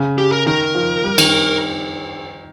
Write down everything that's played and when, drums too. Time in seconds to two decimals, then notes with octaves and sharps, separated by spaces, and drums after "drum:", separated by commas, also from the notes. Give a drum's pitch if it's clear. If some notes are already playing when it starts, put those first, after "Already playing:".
Already playing: C#3
0.18 G4
0.32 A#4
0.46 D#3 A#4
0.75 F3
1.04 G3
1.18 D#3, drum: cymbal